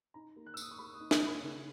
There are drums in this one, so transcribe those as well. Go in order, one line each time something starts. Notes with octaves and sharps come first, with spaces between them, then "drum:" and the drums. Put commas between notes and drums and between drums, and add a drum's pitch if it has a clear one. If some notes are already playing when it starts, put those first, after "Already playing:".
D#4 A#5
A#3
F#6
E6
D#4 D#6, drum: tambourine
C#6
A#3 B5
D#6
D#4
D#6, drum: snare
A#3
B5
C#3